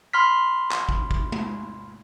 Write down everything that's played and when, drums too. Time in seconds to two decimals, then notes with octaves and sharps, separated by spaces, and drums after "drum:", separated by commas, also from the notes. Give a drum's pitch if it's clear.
0.13 B5 C6 F6 B6
0.71 drum: clap
0.89 drum: kick
1.11 drum: kick
1.32 drum: tom G#3